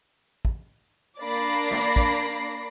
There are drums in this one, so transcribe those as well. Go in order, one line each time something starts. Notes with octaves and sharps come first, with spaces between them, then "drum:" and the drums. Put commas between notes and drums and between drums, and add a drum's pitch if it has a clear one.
drum: kick
A#3 D4 D5 B5 A#6 C7
drum: snare
drum: kick